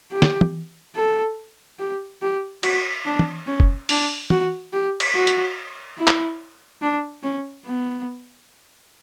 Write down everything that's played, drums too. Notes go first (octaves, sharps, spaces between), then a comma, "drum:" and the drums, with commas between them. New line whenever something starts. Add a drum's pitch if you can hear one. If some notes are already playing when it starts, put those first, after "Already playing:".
G4
drum: snare
drum: tom
A4
G4
G4
F#4, drum: cymbal
D4
drum: tom
C#4
drum: kick
D4, drum: open hi-hat
F#4, drum: tom
G4
drum: cymbal
F#4
drum: hi-hat
E4
drum: clap
D4
C#4
B3